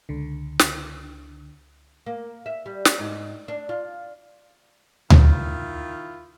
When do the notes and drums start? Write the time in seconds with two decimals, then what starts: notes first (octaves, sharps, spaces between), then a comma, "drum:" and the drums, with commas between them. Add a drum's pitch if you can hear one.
0.09 C#2 D3
0.59 drum: snare
2.06 A#3
2.46 E5
2.66 G3
2.85 drum: snare
2.99 G#2
3.48 D4
3.69 F4
5.10 D#3 E4 F4, drum: tom D2